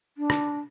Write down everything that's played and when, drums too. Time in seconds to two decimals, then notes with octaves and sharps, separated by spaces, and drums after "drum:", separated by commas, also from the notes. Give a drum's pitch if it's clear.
0.17 D4
0.30 drum: rim click